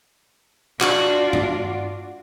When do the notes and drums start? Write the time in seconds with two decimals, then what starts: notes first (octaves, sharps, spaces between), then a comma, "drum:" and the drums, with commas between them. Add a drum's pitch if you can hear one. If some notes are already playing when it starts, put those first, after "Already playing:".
0.81 D4 F4 F#4 D5, drum: clap
1.33 drum: tom G2